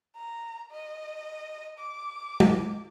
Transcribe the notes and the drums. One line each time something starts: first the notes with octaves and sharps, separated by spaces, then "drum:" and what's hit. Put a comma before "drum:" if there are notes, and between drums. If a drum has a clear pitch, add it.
A#5
D#5
D6
drum: tom